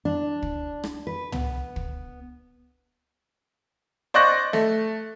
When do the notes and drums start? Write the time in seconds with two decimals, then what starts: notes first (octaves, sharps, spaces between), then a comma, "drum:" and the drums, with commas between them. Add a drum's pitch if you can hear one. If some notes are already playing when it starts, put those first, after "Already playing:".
0.05 D4
0.42 drum: kick
0.84 drum: rim click
1.07 B4
1.32 B3, drum: tom
1.76 drum: kick
4.14 C5 D5 D#5 C#6 F#6 A#6
4.53 A3, drum: snare